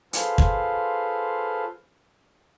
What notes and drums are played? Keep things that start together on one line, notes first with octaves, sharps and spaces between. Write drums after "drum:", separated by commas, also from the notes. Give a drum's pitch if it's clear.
F4 G#4 A4 B4 C5 F5, drum: hi-hat
drum: kick